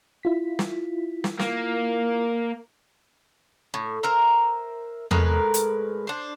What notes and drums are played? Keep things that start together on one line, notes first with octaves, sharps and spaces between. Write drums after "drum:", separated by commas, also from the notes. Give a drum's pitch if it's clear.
E4 F4 B6
drum: snare
drum: snare
A#3, drum: snare
A2
A#4 C5 E5 A#5
A2 G#3 A#4 B4, drum: tom E2
drum: hi-hat
D4 C5